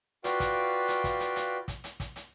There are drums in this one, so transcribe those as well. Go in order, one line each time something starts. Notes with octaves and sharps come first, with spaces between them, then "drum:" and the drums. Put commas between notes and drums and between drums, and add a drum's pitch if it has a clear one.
F4 F#4 B4 D5 F5 G5, drum: hi-hat
drum: kick, hi-hat
drum: hi-hat
drum: kick, hi-hat
drum: hi-hat
drum: hi-hat
drum: kick, hi-hat
drum: hi-hat
drum: kick, hi-hat
drum: hi-hat